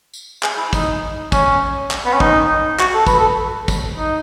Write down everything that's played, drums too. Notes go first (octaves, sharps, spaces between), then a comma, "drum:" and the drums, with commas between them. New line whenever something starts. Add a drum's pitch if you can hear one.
drum: tambourine
G#4, drum: clap
E4
D#4, drum: kick, tambourine
C#4, drum: kick, tambourine
drum: clap
B3
C#4
D#4, drum: kick
F#4, drum: clap
A4
B4, drum: kick, tambourine
A4
drum: kick, tambourine
D#4